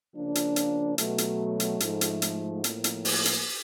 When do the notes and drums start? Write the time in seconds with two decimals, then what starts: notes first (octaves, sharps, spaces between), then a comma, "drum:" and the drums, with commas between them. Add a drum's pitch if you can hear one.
0.15 C#3 F3 A#3 D4
0.35 drum: hi-hat
0.56 drum: hi-hat
0.98 B2 F#3 A3, drum: hi-hat
1.18 drum: hi-hat
1.60 drum: hi-hat
1.80 G#2 F3 A3, drum: hi-hat
2.01 drum: hi-hat
2.22 drum: hi-hat
2.64 A2 F3 A#3, drum: hi-hat
2.84 drum: hi-hat
3.05 drum: open hi-hat
3.25 drum: hi-hat